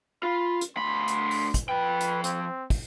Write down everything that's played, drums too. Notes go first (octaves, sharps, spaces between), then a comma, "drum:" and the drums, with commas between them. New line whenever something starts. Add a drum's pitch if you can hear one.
F4 B5
drum: hi-hat
D2 B5 C6
drum: hi-hat
drum: open hi-hat
drum: kick, hi-hat
F3 B4 G5
drum: hi-hat
C4, drum: hi-hat
drum: kick, open hi-hat